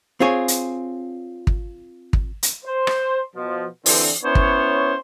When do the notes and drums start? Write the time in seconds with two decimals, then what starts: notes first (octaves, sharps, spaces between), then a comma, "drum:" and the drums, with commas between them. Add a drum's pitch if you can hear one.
0.20 C4 F4 G#4 C#5
0.48 drum: hi-hat
1.47 drum: kick
2.13 drum: kick
2.43 drum: hi-hat
2.65 C5
2.87 drum: rim click
3.36 B2 F3
3.86 D3 E3 C4, drum: open hi-hat
4.24 B3 C#4 E4 C5 C#5
4.35 drum: kick